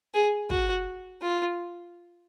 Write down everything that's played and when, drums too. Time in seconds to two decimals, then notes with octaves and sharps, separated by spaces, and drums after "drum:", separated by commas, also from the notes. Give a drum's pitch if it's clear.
0.14 G#4
0.50 F#4, drum: kick
1.22 F4